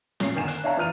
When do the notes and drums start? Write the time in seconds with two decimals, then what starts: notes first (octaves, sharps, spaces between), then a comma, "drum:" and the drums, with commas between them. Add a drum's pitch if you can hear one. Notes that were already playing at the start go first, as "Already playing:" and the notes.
0.20 A#2 C#4 C7, drum: snare
0.35 F#1 D3 D#3 G#5 E7
0.48 F#6, drum: hi-hat
0.63 D4 E4 C#5 F5 A5 A#5
0.77 E3 F3 F6 D#7 F7